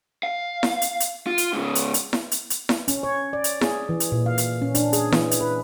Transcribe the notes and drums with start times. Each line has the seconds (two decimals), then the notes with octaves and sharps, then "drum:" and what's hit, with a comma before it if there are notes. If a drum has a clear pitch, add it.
0.23 F5
0.63 drum: snare E4
0.82 drum: hi-hat
1.00 drum: hi-hat
1.27 F4
1.38 drum: hi-hat
1.53 G#2 C#3
1.75 drum: hi-hat
1.94 drum: hi-hat
2.13 drum: snare E4
2.32 drum: hi-hat
2.50 drum: hi-hat
2.69 drum: snare E4
2.88 C#4, drum: hi-hat
3.03 C#5
3.33 D5
3.44 drum: hi-hat
3.61 G#4, drum: snare E4
3.89 E3
4.00 drum: hi-hat
4.12 A#2
4.26 F5
4.38 drum: hi-hat
4.62 C#4
4.75 D4, drum: hi-hat
4.93 G#4, drum: hi-hat
5.12 E3, drum: snare E4
5.31 drum: hi-hat
5.41 B4